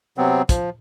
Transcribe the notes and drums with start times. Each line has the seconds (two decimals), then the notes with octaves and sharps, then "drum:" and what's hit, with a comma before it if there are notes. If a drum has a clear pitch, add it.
0.18 C3 F#3 B3 C4
0.49 F3, drum: kick, hi-hat